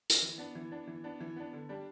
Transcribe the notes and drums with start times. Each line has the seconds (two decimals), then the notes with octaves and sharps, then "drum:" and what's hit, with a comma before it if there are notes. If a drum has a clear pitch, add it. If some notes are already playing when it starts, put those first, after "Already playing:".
0.10 drum: hi-hat
0.22 E3
0.38 B3 D4
0.55 E3
0.71 B3 D4
0.87 E3
1.04 B3 D4
1.20 E3
1.36 B3 D4
1.53 D3
1.69 G3 D4